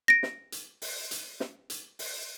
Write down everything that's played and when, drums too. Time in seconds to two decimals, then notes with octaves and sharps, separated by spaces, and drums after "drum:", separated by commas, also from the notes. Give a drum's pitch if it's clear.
0.08 A#6 D7
0.23 drum: snare
0.52 drum: hi-hat
0.82 drum: open hi-hat
1.11 drum: hi-hat
1.40 drum: snare
1.70 drum: hi-hat
1.99 drum: open hi-hat